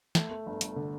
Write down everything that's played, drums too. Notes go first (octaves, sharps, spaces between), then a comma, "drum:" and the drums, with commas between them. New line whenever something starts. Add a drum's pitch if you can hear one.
A3 E5, drum: snare
A3
G1
G1, drum: hi-hat
D3